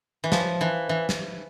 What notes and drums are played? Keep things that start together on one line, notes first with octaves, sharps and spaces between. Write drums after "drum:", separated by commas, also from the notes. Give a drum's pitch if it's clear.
E3
F3, drum: snare
E3
E3
drum: snare